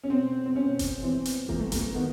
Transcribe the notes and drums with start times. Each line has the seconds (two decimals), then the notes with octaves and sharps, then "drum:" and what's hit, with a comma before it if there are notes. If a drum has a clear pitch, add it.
0.03 C#4
0.10 B2 C4
0.46 C4
0.56 B2 C#4
0.79 drum: kick F#1, hi-hat
1.02 E3 C4
1.25 drum: hi-hat
1.49 E3 A#3, drum: kick F#1
1.60 A3
1.72 A#3, drum: kick F#1, hi-hat
1.95 D#3 B3